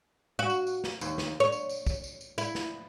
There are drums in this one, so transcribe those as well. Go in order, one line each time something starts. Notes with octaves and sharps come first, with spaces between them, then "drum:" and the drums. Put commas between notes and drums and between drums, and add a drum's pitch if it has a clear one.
F#4
drum: tambourine
drum: tambourine
drum: snare
D#2, drum: tambourine
drum: snare
C#5
drum: tambourine
drum: tambourine
drum: kick, tambourine
drum: tambourine
drum: tambourine
E4, drum: tambourine
drum: snare